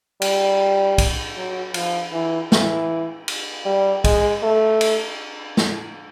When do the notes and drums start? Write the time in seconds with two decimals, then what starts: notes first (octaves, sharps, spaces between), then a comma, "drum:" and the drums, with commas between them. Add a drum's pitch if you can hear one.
0.22 G3, drum: cymbal
0.98 drum: kick, cymbal
1.37 F#3
1.74 F3, drum: cymbal
2.12 E3
2.52 E3, drum: snare
3.28 drum: cymbal
3.65 G3
4.04 G#3, drum: kick, cymbal
4.43 A3
4.81 drum: cymbal
5.57 drum: snare